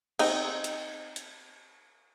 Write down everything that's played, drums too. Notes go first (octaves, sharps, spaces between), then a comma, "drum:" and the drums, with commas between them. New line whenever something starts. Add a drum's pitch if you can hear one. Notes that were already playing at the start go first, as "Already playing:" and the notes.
C4 D#4, drum: cymbal
drum: hi-hat
drum: hi-hat